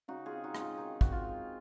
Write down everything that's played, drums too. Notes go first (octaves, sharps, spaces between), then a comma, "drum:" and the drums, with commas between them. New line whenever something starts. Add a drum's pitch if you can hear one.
C#3 D#4 F#4
F4 G#4
C4
D#4 F#4
G#3, drum: rim click
F4
D#3 D#4
C4 F#4, drum: kick
F4
G#3